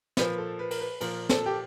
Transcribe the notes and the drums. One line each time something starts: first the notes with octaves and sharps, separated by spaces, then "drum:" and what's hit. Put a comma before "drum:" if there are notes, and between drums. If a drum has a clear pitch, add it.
A#2 F3 B4, drum: snare
A4
B4
A#4, drum: cymbal
B4
A#2 F3 A#4, drum: cymbal
A4, drum: snare
G4